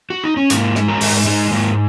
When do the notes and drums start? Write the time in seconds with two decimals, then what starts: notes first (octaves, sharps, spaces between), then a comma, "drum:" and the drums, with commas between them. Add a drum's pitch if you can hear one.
0.10 F#4
0.24 D#4
0.37 C#4
0.50 G#2 A#3, drum: hi-hat
0.75 G#3, drum: snare
0.88 F#4 A#4
1.01 G#2, drum: open hi-hat
1.26 G#3 D#4 G#4
1.51 G#2 A#3